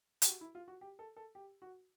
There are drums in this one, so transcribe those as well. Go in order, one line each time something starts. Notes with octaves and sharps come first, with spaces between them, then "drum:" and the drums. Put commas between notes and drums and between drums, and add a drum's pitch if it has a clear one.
G4, drum: hi-hat
F#4
E4
F4
F#4
G4
A4
A4
G4
F#4